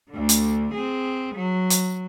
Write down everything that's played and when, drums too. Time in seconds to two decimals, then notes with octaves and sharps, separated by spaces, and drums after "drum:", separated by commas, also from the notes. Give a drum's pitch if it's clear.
0.11 D2 D3
0.29 drum: hi-hat
0.74 C4 G#4
1.35 F#3
1.70 drum: hi-hat